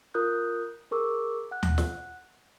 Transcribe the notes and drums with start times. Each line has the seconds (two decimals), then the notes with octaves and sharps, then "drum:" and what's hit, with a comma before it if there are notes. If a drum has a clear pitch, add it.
0.14 F4 A#4 D#6 F#6 G6
0.91 G#4 A#4 C#6 D6 E6
1.51 F#5 F#6
1.63 drum: tom D#2
1.78 drum: snare